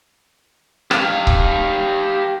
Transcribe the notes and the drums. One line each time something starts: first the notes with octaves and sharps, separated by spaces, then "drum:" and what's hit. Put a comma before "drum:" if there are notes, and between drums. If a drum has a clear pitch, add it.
G4 F5, drum: rim click
drum: kick C#1